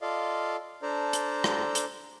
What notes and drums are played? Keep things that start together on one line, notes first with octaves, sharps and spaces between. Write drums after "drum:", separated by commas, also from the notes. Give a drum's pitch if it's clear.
F4 A4 D5 D#5 F5
D4 A4 C5 D5 A#5
drum: hi-hat
drum: rim click
drum: hi-hat